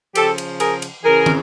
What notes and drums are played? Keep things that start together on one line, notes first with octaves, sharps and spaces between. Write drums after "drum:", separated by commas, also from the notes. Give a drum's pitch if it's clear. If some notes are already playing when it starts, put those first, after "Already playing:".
C#3 F3 G4 A4, drum: cymbal
drum: cymbal
G#4 A#4, drum: cymbal
drum: cymbal
C#3 E3 G#4 A#4
drum: tom